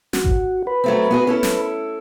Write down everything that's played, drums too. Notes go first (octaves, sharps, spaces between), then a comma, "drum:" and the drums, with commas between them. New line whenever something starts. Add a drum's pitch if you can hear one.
F#4, drum: snare
drum: kick G#1
B4
F#3 A3 C4
B3 F#4 G#4
C#4 E4 A4
drum: snare